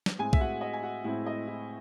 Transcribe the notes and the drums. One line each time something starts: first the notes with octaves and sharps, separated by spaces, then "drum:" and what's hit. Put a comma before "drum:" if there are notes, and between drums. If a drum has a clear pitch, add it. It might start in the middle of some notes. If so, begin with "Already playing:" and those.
drum: snare
A2 G#3 C4 G#4 G#5
E5, drum: kick B1
F#4 F#5
D#5
G#5
F#4 F#5
A2 G#3 C4 E4 E5
D#5
E4 E5